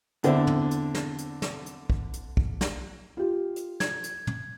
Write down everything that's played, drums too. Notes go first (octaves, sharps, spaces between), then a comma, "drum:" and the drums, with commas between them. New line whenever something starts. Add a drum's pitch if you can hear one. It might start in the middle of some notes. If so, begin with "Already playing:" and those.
E2 D3 C4 D4 E4, drum: hi-hat
drum: tom
drum: hi-hat
drum: snare
drum: hi-hat
drum: snare
drum: hi-hat
drum: kick
drum: hi-hat
drum: kick
drum: snare
F4 G4
drum: hi-hat
G#6, drum: snare
drum: hi-hat
drum: tom